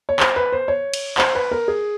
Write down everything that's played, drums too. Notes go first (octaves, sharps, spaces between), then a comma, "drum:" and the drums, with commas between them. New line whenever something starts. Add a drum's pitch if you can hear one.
C#5
C5, drum: clap
B4
C5
C#5
drum: cymbal
C5, drum: clap
B4
A#4
G#4